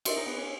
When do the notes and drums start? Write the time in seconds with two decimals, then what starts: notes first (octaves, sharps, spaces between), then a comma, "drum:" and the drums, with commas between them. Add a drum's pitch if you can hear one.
0.05 E4 F#4 A#4 D#5, drum: cymbal
0.16 D#4
0.26 B3
0.37 C#4